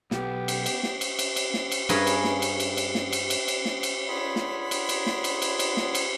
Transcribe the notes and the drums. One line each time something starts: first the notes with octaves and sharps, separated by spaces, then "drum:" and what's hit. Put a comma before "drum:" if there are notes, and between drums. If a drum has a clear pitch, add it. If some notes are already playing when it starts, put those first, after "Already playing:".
B1 B3 G4, drum: snare
drum: cymbal
drum: cymbal
drum: snare
drum: cymbal
drum: cymbal
drum: cymbal
drum: snare
drum: cymbal
G2 C#4 G#4 A#4 B4 B5, drum: cymbal
drum: cymbal
drum: snare
drum: cymbal
drum: cymbal
drum: cymbal
drum: snare
drum: cymbal
drum: cymbal
drum: cymbal
drum: snare
drum: cymbal
B3 D4 F4 G#4 C#5 B5
drum: snare
drum: cymbal
drum: cymbal
drum: snare
drum: cymbal
drum: cymbal
drum: cymbal
drum: snare
drum: cymbal